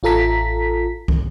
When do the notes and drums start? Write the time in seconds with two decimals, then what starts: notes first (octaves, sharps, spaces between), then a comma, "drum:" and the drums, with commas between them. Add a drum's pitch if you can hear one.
0.03 A1 F4 A4 A#5 B6
1.08 drum: kick